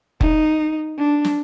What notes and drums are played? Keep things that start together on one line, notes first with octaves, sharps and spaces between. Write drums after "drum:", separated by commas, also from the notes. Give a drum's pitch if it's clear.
D#4, drum: kick F1
D4
drum: snare